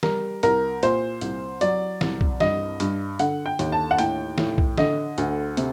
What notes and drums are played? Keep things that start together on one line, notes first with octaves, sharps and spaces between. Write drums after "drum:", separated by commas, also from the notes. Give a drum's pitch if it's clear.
G3 A#4, drum: snare
C2 A#4, drum: hi-hat
A#2 C5, drum: hi-hat
C2, drum: hi-hat
F#3 D5, drum: hi-hat
C2, drum: snare
drum: kick B1
G2 D#5, drum: snare
G2, drum: hi-hat
D3 F#5, drum: hi-hat
G5
D#2, drum: hi-hat
A5
F#5
A2 G5, drum: hi-hat
A2, drum: snare
drum: kick B1
D3 D#5, drum: snare
D2, drum: hi-hat
C3, drum: hi-hat